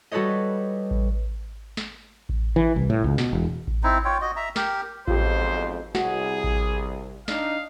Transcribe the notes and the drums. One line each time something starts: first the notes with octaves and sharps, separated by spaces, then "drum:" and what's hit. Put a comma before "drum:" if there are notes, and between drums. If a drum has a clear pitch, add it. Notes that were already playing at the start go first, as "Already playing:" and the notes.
G3 F#4 A4 B4 C#5 D#5
drum: kick A1
drum: snare
drum: kick A1
E3
C2
A2
C#2
B2, drum: snare
E1
drum: kick A1
C4 D#4 E4
F4 C#5 G5
F#4 D#5
E5 A#5
G4 A#4, drum: snare
B1 F2 G#2 F4 G4 C5, drum: kick A1
C2 F#4 G#4, drum: snare
drum: kick A1
D4 D#4 F5, drum: snare